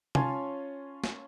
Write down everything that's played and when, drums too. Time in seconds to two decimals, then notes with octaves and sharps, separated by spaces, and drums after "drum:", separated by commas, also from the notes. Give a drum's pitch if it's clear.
0.15 C#4 F4 C#5 G#5 A5 C6, drum: tom C3
1.04 drum: snare